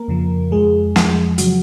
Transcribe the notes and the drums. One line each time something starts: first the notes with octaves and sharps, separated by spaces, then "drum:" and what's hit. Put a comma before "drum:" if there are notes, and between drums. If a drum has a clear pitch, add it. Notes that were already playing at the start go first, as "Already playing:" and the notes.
Already playing: A#3 A#4
F2 C#3 F3
F2 F3 G#3 G#4
F2 F3, drum: snare
C#3 F3 F#3 F#4, drum: hi-hat